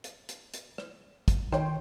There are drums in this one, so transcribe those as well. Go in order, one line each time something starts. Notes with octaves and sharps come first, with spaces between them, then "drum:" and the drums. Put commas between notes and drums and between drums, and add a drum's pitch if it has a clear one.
drum: hi-hat
drum: hi-hat
drum: hi-hat
drum: rim click
drum: kick, hi-hat
D#3 C#5 G5 C6, drum: rim click